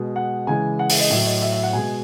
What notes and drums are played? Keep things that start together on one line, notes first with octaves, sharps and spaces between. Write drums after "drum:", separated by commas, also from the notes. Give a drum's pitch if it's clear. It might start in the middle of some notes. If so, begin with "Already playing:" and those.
Already playing: B2 G#3
F#5
C#3 E3 G#3 G#5
F#5
E5, drum: open hi-hat
D#5
A2 F#3 E5
D#5
E5
E5
F#5
B2 G#3 G#5